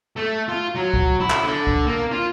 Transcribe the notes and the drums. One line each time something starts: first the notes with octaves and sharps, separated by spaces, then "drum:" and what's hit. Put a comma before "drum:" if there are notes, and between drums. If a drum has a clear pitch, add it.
A3
F4
F#3
drum: kick C#2
E4
drum: clap
D3
drum: kick C#2
A#3
F4